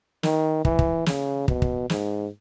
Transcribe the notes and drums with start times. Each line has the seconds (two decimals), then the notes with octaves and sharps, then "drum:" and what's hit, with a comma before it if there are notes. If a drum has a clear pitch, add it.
0.23 D#3, drum: snare
0.65 E3, drum: kick
0.79 drum: kick
1.06 C#3, drum: snare
1.48 B2, drum: kick
1.62 drum: kick
1.90 G#2, drum: snare